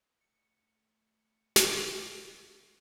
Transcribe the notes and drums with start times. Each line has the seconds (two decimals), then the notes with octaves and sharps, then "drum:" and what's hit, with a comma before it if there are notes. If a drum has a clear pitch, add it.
0.21 A3 C#7
1.56 drum: snare